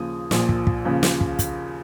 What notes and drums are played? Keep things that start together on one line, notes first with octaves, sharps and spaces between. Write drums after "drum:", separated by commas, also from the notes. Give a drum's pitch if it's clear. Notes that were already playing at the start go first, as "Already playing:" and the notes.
Already playing: D#2 C#3 F3 D#6
A#1 A#2 F3, drum: snare
drum: kick
drum: kick
D#2 C#3 F3
drum: snare
drum: kick
drum: kick, hi-hat